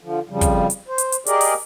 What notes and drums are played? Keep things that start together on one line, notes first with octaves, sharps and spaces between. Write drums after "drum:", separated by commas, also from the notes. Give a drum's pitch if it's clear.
D3 F3
F2 C#3 F3 G3
drum: kick, hi-hat
drum: hi-hat
C5
drum: hi-hat
drum: hi-hat
G4 G#4 A#4 D5 D#5, drum: hi-hat
drum: open hi-hat